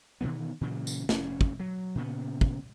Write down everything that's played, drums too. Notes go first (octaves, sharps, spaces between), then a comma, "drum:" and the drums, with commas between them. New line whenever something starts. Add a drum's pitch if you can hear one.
B2 D#3 E3 B3
A#2 C#3 E3 F#3
drum: tambourine
F1 G#2 C#4, drum: snare
drum: kick
F#3
A#2 C#3 B3
drum: kick